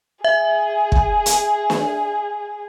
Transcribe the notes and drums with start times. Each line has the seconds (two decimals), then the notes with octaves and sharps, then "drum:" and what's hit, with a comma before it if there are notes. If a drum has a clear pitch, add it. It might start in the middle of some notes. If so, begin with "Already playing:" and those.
0.24 G#4 E5
0.92 drum: kick
1.26 drum: hi-hat
1.70 drum: snare